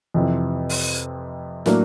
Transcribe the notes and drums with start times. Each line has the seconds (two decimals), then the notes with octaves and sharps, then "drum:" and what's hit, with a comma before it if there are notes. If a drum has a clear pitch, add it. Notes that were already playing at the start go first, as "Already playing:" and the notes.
0.14 F2 C3 E3
0.69 drum: open hi-hat
1.66 A2 F#3 A#3 D4, drum: snare